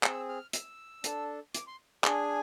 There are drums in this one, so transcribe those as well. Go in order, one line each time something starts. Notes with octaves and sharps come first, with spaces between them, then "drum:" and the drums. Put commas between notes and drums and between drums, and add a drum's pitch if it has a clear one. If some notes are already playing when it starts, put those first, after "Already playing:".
C4 G#4 E6, drum: clap
F6
E6, drum: hi-hat
D4 A4, drum: hi-hat
D6, drum: hi-hat
C6
D4 G#4 G#5, drum: clap